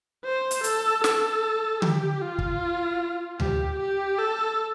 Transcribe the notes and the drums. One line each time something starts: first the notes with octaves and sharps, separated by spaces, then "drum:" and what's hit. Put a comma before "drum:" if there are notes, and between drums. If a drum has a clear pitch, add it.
C5
drum: hi-hat
A4, drum: hi-hat
A4, drum: snare
G4, drum: tom D3
F4
drum: kick
G4, drum: tom D2
G4
A4